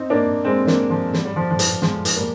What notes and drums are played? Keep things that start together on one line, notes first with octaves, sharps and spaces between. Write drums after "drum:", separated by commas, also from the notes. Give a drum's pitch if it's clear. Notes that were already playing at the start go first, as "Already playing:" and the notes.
Already playing: C4 D#4
A#3 D4
G#3 C4
A#3 D4, drum: snare
F3
G3, drum: snare
G3
F3
F3
G3, drum: hi-hat
F3 G#3, drum: snare
drum: hi-hat
G3 A#3